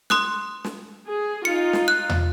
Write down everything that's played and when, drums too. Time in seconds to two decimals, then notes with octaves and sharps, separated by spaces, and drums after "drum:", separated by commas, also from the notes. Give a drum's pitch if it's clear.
0.10 C6 D#6 F#6, drum: snare
0.64 drum: snare
1.08 G#4
1.45 D#4 F4 C#7
1.73 drum: snare
1.88 F#6
2.09 drum: tom E2